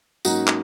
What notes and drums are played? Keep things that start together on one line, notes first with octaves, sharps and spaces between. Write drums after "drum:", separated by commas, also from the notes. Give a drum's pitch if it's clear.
G#2 F#3 A#3 C#4 D#4 F#4, drum: tambourine
drum: clap